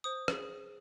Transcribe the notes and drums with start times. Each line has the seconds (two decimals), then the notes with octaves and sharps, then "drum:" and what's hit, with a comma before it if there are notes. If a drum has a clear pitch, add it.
0.04 C5 D#6
0.28 G#4, drum: rim click